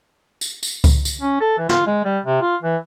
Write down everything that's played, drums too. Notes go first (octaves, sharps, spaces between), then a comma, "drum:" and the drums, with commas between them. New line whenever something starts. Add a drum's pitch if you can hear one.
drum: tambourine
drum: tambourine
drum: kick C#2, tambourine
drum: tambourine
C#4
A4
E3
F4, drum: snare
G#3
G3
C3
F4
E3